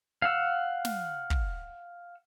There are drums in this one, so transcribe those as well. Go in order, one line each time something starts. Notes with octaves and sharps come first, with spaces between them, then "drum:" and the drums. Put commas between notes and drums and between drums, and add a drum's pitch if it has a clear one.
F5 F#5 E6
drum: snare
drum: kick